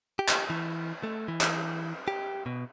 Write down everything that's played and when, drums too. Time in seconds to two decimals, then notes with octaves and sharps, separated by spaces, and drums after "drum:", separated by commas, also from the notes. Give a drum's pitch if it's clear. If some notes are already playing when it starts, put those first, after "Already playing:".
0.19 G4
0.29 drum: clap
0.50 E3
1.03 A3
1.28 E3
1.41 drum: clap
2.08 G4
2.46 B2